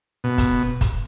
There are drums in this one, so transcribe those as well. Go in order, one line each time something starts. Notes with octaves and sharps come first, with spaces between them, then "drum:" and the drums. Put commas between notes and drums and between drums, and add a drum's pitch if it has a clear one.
B2
drum: kick, hi-hat
drum: kick, hi-hat